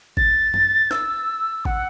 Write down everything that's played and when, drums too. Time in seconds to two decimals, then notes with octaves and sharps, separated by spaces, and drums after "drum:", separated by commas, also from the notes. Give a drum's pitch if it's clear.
0.17 A6, drum: kick G#1
0.54 drum: tom F#2
0.91 E6, drum: snare
1.65 F#5, drum: kick G#1